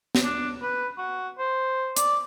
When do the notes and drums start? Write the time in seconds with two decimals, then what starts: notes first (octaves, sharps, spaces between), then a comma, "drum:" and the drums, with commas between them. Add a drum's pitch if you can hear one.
0.15 drum: snare
0.24 D4
0.62 B4
0.98 F#4
1.38 C5
1.97 D5, drum: hi-hat